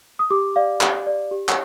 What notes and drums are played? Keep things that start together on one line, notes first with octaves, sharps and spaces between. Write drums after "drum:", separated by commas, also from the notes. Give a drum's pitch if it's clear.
D#6
G4 D6
D5 F5
G4, drum: clap
D5
G4
drum: clap